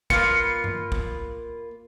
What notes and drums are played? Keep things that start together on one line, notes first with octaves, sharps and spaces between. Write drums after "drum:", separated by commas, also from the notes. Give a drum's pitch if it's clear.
A#3 F4 B4 C#7, drum: kick
drum: tom G2
drum: kick